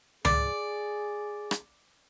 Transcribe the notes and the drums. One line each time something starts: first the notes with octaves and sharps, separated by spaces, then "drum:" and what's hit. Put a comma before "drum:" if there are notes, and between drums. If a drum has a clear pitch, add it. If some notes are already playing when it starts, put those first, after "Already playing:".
G#4 D5, drum: tom C#2
drum: rim click